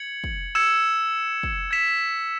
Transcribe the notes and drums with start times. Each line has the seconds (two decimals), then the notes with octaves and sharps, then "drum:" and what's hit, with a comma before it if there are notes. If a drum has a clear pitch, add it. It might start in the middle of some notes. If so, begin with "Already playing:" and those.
Already playing: G#6 C#7 F#7
0.24 drum: kick
0.55 E6 G#6 C#7 E7
1.43 drum: kick
1.71 G#6 B6 E7